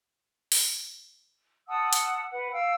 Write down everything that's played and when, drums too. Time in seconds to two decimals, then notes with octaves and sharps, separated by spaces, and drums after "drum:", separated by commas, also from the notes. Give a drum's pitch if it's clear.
0.52 drum: open hi-hat
1.68 F#5 A5 D#6 E6
1.93 drum: hi-hat
2.29 B4 F#5
2.52 F5 G5 E6